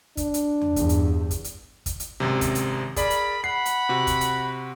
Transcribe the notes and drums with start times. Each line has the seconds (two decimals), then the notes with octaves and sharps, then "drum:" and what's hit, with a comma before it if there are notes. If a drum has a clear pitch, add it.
0.17 D4, drum: kick, hi-hat
0.34 drum: hi-hat
0.62 drum: tom E2
0.76 E2 G2, drum: kick, hi-hat
0.89 drum: hi-hat
1.31 drum: kick, hi-hat
1.44 drum: hi-hat
1.86 drum: kick, hi-hat
2.00 drum: hi-hat
2.20 G#1 F#2 C3
2.41 drum: kick, hi-hat
2.55 drum: hi-hat
2.96 G#4 A#4 D5 B5, drum: kick, hi-hat
3.10 drum: hi-hat
3.44 F#5 B5 C7
3.65 drum: hi-hat
3.89 C3 F#4
4.07 drum: kick, hi-hat
4.21 drum: hi-hat